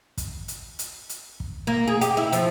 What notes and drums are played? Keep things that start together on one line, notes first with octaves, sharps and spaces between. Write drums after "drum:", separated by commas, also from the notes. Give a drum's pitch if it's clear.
drum: kick, hi-hat
drum: hi-hat
drum: hi-hat
drum: hi-hat
drum: kick
A#3
G#4
G4, drum: hi-hat
E4
F3, drum: hi-hat